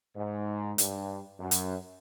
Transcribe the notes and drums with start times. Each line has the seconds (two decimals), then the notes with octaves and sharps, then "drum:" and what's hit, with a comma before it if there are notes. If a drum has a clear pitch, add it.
0.16 G#2
0.78 G2, drum: hi-hat
1.40 F#2
1.51 drum: hi-hat